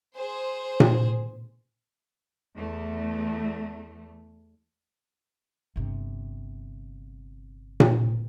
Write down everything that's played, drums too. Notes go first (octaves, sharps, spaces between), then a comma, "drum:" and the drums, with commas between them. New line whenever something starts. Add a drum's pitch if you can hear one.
G#4 C5
drum: tom A#2
E2 A3
G1 C3
drum: tom A#2